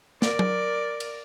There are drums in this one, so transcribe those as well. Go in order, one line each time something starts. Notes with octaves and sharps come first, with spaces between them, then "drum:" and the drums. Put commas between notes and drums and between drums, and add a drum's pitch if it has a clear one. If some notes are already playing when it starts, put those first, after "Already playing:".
A#4 D5, drum: snare
drum: tom F#3
drum: cymbal